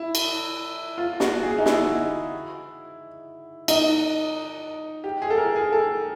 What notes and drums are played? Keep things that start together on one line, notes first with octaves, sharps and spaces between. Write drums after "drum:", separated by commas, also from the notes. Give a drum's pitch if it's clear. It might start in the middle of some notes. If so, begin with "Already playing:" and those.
Already playing: E4
drum: cymbal
F4
F#4, drum: snare
G#4
D#4
E4, drum: snare
D#4, drum: cymbal
G4
G#4
A4
A#4
G#4
A4